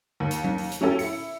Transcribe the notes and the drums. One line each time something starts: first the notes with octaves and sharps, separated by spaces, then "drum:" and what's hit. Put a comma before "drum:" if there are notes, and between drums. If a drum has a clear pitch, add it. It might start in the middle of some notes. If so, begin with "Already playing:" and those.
D#2
drum: hi-hat
drum: tom F#3
drum: open hi-hat
drum: hi-hat
F#3 C#4 E4 G4 A4
E4 C#7, drum: open hi-hat